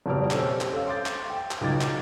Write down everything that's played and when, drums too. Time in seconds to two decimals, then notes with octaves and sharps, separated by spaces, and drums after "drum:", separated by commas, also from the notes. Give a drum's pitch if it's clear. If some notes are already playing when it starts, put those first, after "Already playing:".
0.06 F#1 F2 B2 G3 D5 F6
0.31 C4 C#4 G4 A4 C#5, drum: clap
0.61 drum: clap
0.74 A4 F5
0.87 C6 D6 G6 A6
1.06 drum: clap
1.30 G5
1.51 drum: clap
1.61 C#2 F#3 D#4 D6 G#6 A6
1.81 drum: clap